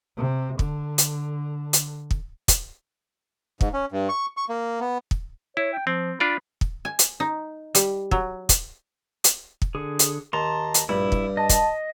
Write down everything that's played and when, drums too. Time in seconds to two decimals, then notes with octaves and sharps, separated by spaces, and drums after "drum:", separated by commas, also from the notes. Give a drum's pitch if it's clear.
0.16 C3
0.59 D3, drum: kick
0.98 drum: hi-hat
1.73 drum: hi-hat
2.11 drum: kick
2.48 drum: kick, hi-hat
3.61 G#2, drum: kick
3.73 C#4
3.92 G2
4.09 C#6
4.37 C#6
4.49 A#3
4.80 B3
5.11 drum: kick
5.57 E4 C#5
5.73 G5
5.87 F3 C4
6.20 D4 F4 D5 B5
6.61 drum: kick
6.85 G#5
6.99 drum: hi-hat
7.20 D#4
7.75 G3, drum: hi-hat
8.11 F#3, drum: kick
8.49 drum: kick, hi-hat
9.24 drum: hi-hat
9.62 drum: kick
9.75 D3 G#4
9.99 drum: hi-hat
10.33 D#2 A5 A#5 C6
10.74 drum: hi-hat
10.89 A#1 G2 E4 B5
11.12 drum: kick
11.37 D#5 A5
11.49 drum: kick, hi-hat